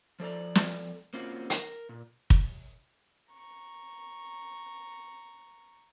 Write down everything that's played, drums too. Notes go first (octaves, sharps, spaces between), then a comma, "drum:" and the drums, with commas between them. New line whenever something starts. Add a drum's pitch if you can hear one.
F3 A4 D5 A#5
drum: snare
A#3 C4 C#4 F4 F#4
A#4, drum: hi-hat
A#2
drum: kick
A#5 C#6